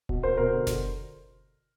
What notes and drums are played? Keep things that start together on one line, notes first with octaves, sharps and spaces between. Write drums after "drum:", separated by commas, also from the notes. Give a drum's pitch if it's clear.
B2, drum: kick D1
B2 A#4 C5
B2 A#4 C5
D3
D3, drum: snare F#1